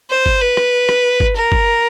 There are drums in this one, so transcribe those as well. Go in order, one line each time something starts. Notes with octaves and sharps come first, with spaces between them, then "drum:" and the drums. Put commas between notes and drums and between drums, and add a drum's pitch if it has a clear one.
C5
drum: kick G1
B4
drum: rim click
drum: rim click
drum: kick G1
A#4
drum: kick G1